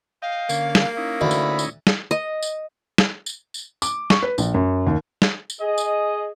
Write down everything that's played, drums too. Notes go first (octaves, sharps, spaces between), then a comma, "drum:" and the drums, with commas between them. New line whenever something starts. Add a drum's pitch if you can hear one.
D#5 F5 G5
D3 A#3 C#4, drum: tambourine
drum: snare
C#4 D#4 E4
D2 B5
drum: tambourine
drum: tambourine
drum: snare
D#5
drum: tambourine
drum: snare
drum: tambourine
drum: tambourine
D6, drum: tambourine
C#6, drum: snare
B4
A#1, drum: tambourine
F#2
D#2
drum: snare
drum: tambourine
G#4 D#5
drum: tambourine